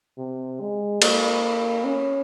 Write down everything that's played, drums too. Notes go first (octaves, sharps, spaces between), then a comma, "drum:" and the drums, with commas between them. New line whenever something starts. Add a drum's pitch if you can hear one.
C3
G#3
A#3, drum: cymbal
C#4